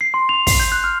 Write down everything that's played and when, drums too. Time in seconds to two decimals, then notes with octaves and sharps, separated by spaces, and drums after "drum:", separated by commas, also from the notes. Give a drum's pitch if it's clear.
0.01 C7
0.14 C6
0.29 F7
0.47 C7, drum: kick, open hi-hat
0.60 G6
0.72 F#6
0.84 F6